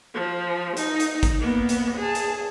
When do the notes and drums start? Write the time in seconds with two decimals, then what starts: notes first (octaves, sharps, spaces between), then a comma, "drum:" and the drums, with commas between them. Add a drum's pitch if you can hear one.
0.14 F3
0.77 D#4, drum: hi-hat
1.00 drum: hi-hat
1.23 drum: kick, hi-hat
1.39 A#3 B3
1.69 drum: hi-hat
1.97 G#4 A5
2.15 drum: hi-hat